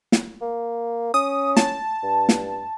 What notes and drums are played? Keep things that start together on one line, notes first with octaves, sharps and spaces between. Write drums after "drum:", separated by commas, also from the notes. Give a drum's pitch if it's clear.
drum: snare
A#3
C#4 D#6
A5, drum: snare
G2
drum: snare